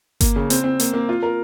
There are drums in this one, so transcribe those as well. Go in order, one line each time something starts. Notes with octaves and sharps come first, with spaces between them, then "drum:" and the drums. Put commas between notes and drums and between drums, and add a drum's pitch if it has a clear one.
A#3, drum: kick G1, hi-hat
C#3
C4, drum: hi-hat
C4
A#3, drum: hi-hat
A#3
F4
A#4